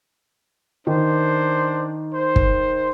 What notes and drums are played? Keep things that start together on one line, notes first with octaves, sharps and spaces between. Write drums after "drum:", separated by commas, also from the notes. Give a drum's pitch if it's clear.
D#3 D4 C5
C5
drum: kick